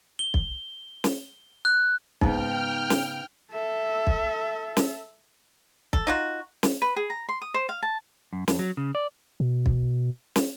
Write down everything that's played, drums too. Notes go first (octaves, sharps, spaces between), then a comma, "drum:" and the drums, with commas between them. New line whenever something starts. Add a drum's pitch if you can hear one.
G7
drum: kick
drum: snare
F#6
G#2 C#3 B3 D#4 G5 F6, drum: kick
drum: snare
A4 E5
drum: kick
drum: snare
A4, drum: kick
D#4 F4 F#4
drum: snare
B4
G#4
A#5
C6
D#6
C5
F5
A5
F#2
F2, drum: snare
F#3
C#3
D5
B2
drum: kick
drum: snare